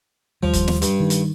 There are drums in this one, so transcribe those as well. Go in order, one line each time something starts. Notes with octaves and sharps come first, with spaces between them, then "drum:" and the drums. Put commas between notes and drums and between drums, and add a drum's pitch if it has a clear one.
D#2 F3 G3
drum: kick, hi-hat
drum: snare
G2, drum: hi-hat
D#3
drum: hi-hat